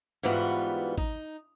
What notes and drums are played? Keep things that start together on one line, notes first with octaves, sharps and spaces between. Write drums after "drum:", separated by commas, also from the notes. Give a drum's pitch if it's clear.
G#2 E3 G3 B3 F4 F#4
D#4, drum: kick